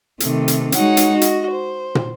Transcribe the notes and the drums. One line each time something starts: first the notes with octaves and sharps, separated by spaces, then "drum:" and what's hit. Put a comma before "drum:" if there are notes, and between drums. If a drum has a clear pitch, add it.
C3 D#3 A3, drum: hi-hat
drum: hi-hat
G#3 D#4 F#4 C#5 F#5, drum: hi-hat
drum: hi-hat
F#4 D#5
drum: hi-hat
C5
drum: tom